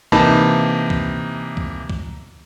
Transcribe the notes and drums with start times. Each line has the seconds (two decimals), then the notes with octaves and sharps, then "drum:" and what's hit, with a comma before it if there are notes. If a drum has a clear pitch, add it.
0.12 C3 E3 A#3 D#4 A5 B5, drum: kick
0.90 drum: kick
1.57 drum: kick
1.90 drum: kick